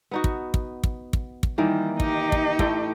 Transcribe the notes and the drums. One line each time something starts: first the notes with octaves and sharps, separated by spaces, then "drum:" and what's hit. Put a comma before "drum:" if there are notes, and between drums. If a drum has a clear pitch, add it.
B3 D#4 F#4
drum: kick
drum: kick
drum: kick
drum: kick
drum: kick
D#3 E3 G3 A#3
D#4 G4, drum: kick
drum: kick
A2 A3 G5, drum: kick